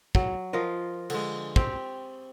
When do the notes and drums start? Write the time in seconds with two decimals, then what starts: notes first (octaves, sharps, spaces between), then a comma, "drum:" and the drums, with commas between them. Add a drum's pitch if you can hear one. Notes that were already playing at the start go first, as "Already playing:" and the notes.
0.15 F#3, drum: kick
0.53 F3 F4 A#4 D#5
1.10 D3 G#3, drum: cymbal
1.56 C4 G4, drum: kick